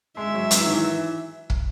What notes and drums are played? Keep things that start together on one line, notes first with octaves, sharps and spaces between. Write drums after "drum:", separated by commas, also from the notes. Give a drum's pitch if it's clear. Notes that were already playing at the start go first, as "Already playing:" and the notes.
G#3 E5
F#3
F#3, drum: hi-hat
E3
D#3
E3
drum: kick